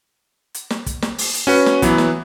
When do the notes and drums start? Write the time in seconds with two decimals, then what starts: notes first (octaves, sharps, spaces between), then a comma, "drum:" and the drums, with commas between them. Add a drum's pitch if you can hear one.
0.54 drum: hi-hat
0.70 drum: snare
0.86 drum: kick, hi-hat
1.02 drum: snare
1.18 drum: open hi-hat
1.34 drum: hi-hat
1.47 C#4 F#4 B4
1.66 drum: snare
1.82 E3 F#3 B3, drum: kick, hi-hat
1.98 drum: snare